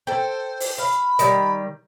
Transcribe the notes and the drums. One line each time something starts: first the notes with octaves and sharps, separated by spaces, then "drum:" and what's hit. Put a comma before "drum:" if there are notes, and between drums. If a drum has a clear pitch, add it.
A4 C5 G5
drum: open hi-hat
F5 B5
D#3 G3, drum: hi-hat